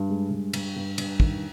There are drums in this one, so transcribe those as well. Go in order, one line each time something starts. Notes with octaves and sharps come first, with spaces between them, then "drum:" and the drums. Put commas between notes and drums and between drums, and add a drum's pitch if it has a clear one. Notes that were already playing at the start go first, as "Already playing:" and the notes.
Already playing: G2
G#3
G2
G2, drum: cymbal
G2
G2, drum: cymbal
D#3, drum: kick